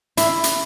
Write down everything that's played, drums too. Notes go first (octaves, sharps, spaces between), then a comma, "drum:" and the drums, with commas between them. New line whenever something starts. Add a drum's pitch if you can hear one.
E4, drum: hi-hat
drum: hi-hat